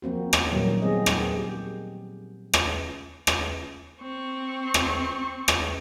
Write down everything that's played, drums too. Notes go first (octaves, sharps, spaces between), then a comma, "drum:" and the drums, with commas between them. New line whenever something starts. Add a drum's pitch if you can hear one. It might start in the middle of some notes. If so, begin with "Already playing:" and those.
F3 A#3 C4 F#4
drum: rim click
A#2 D#3 F#3 G3 A#3 G4
D#3 G#3 B3 C4 G#4 D#5
drum: rim click
G4
drum: rim click
drum: rim click
C4 C#6
drum: rim click
drum: rim click